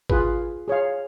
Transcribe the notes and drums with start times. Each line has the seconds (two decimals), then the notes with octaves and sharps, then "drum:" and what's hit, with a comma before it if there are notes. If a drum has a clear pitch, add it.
0.10 F4 G#4 B4, drum: kick G#1
0.68 G#4 C#5 F5